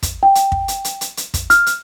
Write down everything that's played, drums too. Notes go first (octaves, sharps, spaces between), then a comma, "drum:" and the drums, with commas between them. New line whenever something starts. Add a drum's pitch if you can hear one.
drum: kick, hi-hat
G5
drum: hi-hat
drum: kick
drum: hi-hat
drum: hi-hat
drum: hi-hat
drum: hi-hat
drum: kick, hi-hat
F6, drum: hi-hat
drum: hi-hat